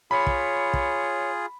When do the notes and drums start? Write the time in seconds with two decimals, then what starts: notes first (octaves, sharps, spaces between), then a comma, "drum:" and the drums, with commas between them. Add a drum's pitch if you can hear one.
0.11 F4 G#4 C#5 B5
0.27 drum: kick
0.73 drum: kick